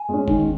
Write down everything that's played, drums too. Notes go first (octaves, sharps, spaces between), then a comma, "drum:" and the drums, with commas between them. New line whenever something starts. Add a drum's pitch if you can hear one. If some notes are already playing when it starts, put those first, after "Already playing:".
Already playing: G#5
G#3 C#4
D#3, drum: kick F#1